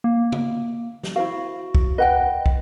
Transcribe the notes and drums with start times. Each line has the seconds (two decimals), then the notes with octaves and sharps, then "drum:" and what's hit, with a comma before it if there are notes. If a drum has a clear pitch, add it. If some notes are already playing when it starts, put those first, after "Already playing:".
0.04 A#3
0.32 drum: tom C#3
1.03 drum: snare
1.16 E4 F#4 C5 F5
1.75 drum: kick
1.98 B4 D#5 F#5 G5
2.46 drum: kick